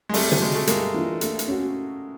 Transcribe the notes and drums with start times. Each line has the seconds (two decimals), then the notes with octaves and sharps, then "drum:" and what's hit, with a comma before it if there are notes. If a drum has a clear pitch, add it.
0.09 G#3
0.14 F2 G3 A3, drum: open hi-hat
0.32 drum: tom
0.41 D3 F#3 G#3
0.55 A3
0.67 G2 G#3 A#3, drum: hi-hat
0.94 E3 A3 D4 F4
1.21 A3, drum: hi-hat
1.39 drum: hi-hat
1.48 C#4 F#4